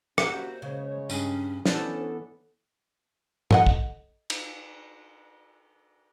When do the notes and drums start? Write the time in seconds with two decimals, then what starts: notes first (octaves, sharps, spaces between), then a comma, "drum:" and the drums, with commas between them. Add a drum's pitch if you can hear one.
0.18 C2 A#3 C#4 F#4 G4 C5 E5 A#5, drum: rim click
0.62 C#3 G#3 C#5
1.10 G2 C#4 G#4, drum: tambourine
1.66 E3 B3 C#4 D4 A4 C5 D5, drum: snare
3.51 A4 D#5 F#5, drum: tom G#2
3.67 drum: kick
4.30 drum: cymbal